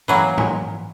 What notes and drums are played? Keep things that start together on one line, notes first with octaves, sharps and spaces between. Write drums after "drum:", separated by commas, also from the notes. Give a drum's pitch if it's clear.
E3 F#3 A#3
drum: tom G#2